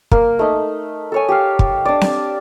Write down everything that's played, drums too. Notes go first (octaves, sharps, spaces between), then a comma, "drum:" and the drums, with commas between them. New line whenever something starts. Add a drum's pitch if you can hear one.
A#3, drum: kick
A3 D#4
A4 C#5 G#5
G4 F5
drum: kick
D4 D5
drum: snare C4